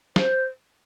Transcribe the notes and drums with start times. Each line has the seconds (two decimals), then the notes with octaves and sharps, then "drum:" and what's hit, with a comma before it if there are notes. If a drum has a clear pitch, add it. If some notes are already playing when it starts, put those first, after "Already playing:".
0.16 C5, drum: snare